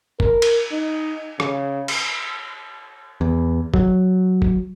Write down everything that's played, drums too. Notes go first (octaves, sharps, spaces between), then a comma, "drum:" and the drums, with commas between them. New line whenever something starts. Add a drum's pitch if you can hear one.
A#4, drum: kick
drum: cymbal
D#4
C#3, drum: rim click
drum: cymbal
E2
F#3, drum: kick
drum: kick